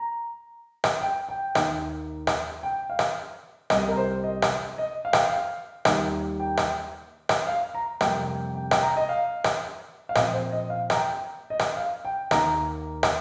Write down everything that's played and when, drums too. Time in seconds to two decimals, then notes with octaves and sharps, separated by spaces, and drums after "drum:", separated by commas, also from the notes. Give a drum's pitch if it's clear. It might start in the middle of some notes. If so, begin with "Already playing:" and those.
Already playing: A#5
0.84 drum: rim click
1.01 G5
1.29 G5
1.55 D#2 D#3 A#3, drum: rim click
2.27 drum: rim click
2.63 G5
2.90 F5
2.99 drum: rim click
3.70 C2 C3 G3 D#5, drum: rim click
3.88 A#4
3.97 C5
4.24 D#5
4.42 drum: rim click
4.78 D#5
5.05 F5
5.13 G5, drum: rim click
5.23 F5
5.85 D#2 D#3 G3 A#3, drum: rim click
6.40 G5
6.57 drum: rim click
7.29 drum: rim click
7.47 F5
7.75 A#5
8.01 F2 C3 G3 A#3 G5, drum: rim click
8.27 G5
8.54 G5
8.71 G5, drum: rim click
8.82 A#5
8.97 D#5
9.09 F5
9.44 drum: rim click
10.09 F5
10.15 A#2 F3 C4 D#5, drum: rim click
10.33 C5
10.52 D#5
10.70 F5
10.90 A#5, drum: rim click
10.97 G5
11.50 D#5
11.59 drum: rim click
11.77 F5
12.05 G5
12.31 D#2 D#3 A#3 A#5, drum: rim click
13.03 drum: rim click